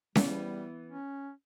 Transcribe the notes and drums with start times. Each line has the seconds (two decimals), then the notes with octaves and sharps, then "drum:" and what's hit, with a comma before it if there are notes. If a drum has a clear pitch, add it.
0.16 E3 G3 B3, drum: snare C#4
0.86 C#4